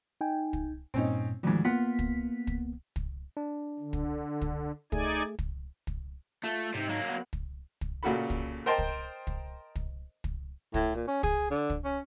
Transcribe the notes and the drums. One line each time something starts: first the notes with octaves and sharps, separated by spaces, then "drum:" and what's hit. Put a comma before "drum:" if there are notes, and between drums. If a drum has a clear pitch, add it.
D#4 G5 G#5
drum: kick
G2 A#2 C4 C#4 D#4
D2 G#2 D#3 F3
A#3 B3 F4 F#5 B6
drum: kick
drum: kick
drum: kick
D4
D3
drum: kick
drum: kick
A3 D#4 G#4 D5 G#5, drum: kick
drum: kick
drum: kick
A3 F4
G#2 C3 D#4
F#3 A#3
B3 F#5
drum: kick
drum: kick
A#2 C#3 F#4 A4 B5
drum: kick
A#4 C5 D#5 G5 A5 C6
drum: kick
drum: kick
drum: kick
drum: kick
A2, drum: kick
A#2
C#4
G#4, drum: kick
D3
drum: kick
C#4